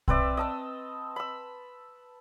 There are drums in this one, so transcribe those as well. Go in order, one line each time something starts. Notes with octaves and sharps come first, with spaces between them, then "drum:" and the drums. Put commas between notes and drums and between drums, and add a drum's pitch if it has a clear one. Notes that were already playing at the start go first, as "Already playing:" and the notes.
C4 B4 D5 E5, drum: kick
D#5 A5 E6
B5 E6